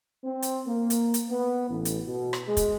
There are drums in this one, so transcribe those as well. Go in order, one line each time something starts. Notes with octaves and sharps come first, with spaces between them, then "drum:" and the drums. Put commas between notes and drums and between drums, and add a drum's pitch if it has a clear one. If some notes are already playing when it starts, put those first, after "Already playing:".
C4
drum: hi-hat
A#3
drum: hi-hat
drum: hi-hat
B3
A1
drum: hi-hat
B2
drum: rim click
G#3
drum: kick, hi-hat